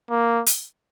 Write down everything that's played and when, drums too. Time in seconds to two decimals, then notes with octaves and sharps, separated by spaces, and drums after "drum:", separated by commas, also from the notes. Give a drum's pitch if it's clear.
0.10 A#3
0.46 drum: hi-hat